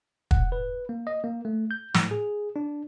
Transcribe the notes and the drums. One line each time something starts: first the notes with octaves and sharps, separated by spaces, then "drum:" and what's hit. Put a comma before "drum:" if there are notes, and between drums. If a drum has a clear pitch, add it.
F#5, drum: kick
B4
A#3
D#5
A#3
A3
G6
A2, drum: snare
G#4
D4